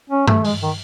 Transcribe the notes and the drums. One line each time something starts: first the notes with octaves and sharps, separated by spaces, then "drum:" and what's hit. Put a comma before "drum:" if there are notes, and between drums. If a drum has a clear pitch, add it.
C#4
A3, drum: tom G2
G#3, drum: open hi-hat
D#3